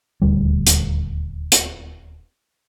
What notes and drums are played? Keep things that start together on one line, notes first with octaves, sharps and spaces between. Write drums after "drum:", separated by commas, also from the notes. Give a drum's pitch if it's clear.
D#1 D2 G3
drum: hi-hat
drum: hi-hat